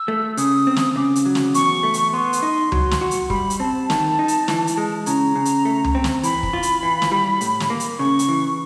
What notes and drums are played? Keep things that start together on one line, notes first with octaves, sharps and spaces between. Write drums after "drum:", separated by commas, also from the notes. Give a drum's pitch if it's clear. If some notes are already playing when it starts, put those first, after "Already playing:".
Already playing: E6
A3
C#3 D#6, drum: hi-hat
C4
drum: snare
C#3 D6
drum: hi-hat
F#3
drum: snare
E2 C#6, drum: hi-hat
A3
drum: hi-hat
B3 C6
drum: hi-hat
D#4
F#3, drum: tom C#2
drum: snare
F#4
drum: hi-hat
G3 B5, drum: kick
drum: hi-hat
C4 A5
D#3, drum: snare
D#4
drum: hi-hat
E3, drum: snare
drum: hi-hat
G#3
C#3 A#5, drum: hi-hat
C#3
drum: hi-hat
A3
drum: tom C#2
C4
drum: snare
E3 B5, drum: hi-hat
drum: kick
F4
drum: hi-hat
E3
drum: snare
G3
A2, drum: hi-hat
drum: snare
A#3
drum: hi-hat
C#3 C#6
drum: hi-hat
E3